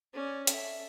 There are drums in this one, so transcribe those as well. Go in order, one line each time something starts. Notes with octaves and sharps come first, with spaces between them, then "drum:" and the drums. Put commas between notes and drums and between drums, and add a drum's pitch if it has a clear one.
C#4 D5
A4 E5, drum: hi-hat